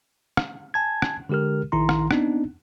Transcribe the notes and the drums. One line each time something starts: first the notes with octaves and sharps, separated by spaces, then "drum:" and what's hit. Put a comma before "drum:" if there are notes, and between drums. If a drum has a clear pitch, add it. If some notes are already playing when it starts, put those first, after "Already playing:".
drum: rim click
G#5 A5 G#6
drum: rim click
D3 G#3 G4 A#4 F6
A#1 D#3 E4 A#5 C6
drum: rim click
B3 C4 D4 D#4, drum: rim click